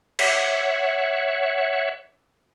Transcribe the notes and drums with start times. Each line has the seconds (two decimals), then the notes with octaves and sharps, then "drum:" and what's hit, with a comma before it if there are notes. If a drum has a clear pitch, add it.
0.19 C#5 E5 F#5, drum: cymbal